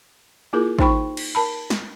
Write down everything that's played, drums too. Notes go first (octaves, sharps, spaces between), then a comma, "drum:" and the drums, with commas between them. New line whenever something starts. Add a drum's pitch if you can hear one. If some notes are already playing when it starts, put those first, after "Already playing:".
A#3 E4 F4 G#4 A#4
D#4 C5 G5 B5 C#6, drum: kick
drum: cymbal
A#4 A5 B5
drum: snare